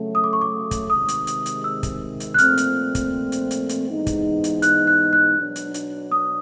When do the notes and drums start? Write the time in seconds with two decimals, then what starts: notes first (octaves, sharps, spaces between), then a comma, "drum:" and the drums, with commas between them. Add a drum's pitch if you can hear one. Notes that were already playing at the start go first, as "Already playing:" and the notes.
Already playing: C#3 F#3 A3
0.15 D#6
0.24 D6
0.33 C#6
0.42 D6
0.71 drum: kick, hi-hat
0.90 C3 D#3 G#3 D#6
1.08 drum: hi-hat
1.27 drum: hi-hat
1.46 drum: hi-hat
1.64 E6
1.83 drum: kick, hi-hat
2.20 drum: hi-hat
2.34 F#6
2.38 A#2 F3 A3 C4 F6, drum: hi-hat
2.57 drum: hi-hat
2.95 drum: kick, hi-hat
3.32 drum: hi-hat
3.51 drum: hi-hat
3.69 drum: hi-hat
3.88 G#2 E3 G#3 B3 D#4
4.07 drum: kick, hi-hat
4.44 drum: hi-hat
4.62 F#6, drum: hi-hat
4.87 F#6
5.13 F#6
5.37 B2 F#3 B3 D4
5.56 drum: hi-hat
5.74 drum: hi-hat
6.12 D#6